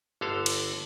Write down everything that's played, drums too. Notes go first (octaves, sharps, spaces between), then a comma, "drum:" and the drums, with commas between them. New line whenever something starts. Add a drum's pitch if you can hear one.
G1 D3 A4 F5
drum: cymbal